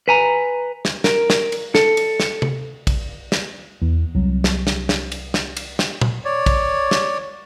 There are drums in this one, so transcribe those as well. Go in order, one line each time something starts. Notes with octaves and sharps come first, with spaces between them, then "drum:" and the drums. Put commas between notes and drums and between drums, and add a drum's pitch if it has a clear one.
B4 G#5 A#5
drum: snare
A#4, drum: snare
drum: snare
drum: cymbal
A4, drum: snare
drum: cymbal
drum: snare
drum: tom
drum: kick, cymbal
drum: snare
E2
C2 F#3
drum: snare
drum: snare
drum: snare
drum: cymbal
drum: snare
drum: cymbal
drum: snare
drum: tom
C#5 D5
drum: kick, cymbal
drum: snare